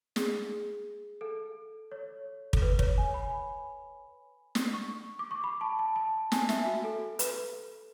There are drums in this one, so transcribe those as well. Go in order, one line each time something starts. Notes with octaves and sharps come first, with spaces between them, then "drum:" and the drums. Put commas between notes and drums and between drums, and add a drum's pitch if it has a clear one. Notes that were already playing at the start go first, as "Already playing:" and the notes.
G#4, drum: snare
A4
C#5
A4, drum: kick
B4
C#5, drum: kick
G#5
B5
drum: snare
C#6
D6
C#6
B5
A5
A5
A5
G#5, drum: snare
E5, drum: snare
F#4
A4
B4, drum: hi-hat